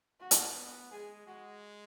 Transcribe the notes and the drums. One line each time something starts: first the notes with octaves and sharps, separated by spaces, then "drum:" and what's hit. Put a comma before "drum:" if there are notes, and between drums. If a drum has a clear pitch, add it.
F#4
drum: hi-hat
B3
G#3 G#4
G#3 F#4